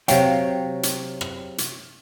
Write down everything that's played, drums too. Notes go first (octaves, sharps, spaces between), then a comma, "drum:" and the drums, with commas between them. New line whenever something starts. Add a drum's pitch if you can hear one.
C3 F#3 C#5 F5 G5, drum: hi-hat
drum: hi-hat
drum: rim click
drum: hi-hat